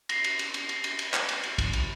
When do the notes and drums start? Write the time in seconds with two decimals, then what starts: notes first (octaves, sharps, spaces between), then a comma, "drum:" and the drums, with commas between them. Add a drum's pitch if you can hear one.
0.09 A#6 C7, drum: cymbal
0.24 drum: cymbal
0.39 drum: cymbal
0.54 drum: cymbal
0.69 drum: cymbal
0.84 drum: cymbal
0.99 drum: cymbal
1.14 drum: clap
1.29 drum: cymbal
1.43 drum: cymbal
1.58 drum: kick, cymbal
1.73 drum: cymbal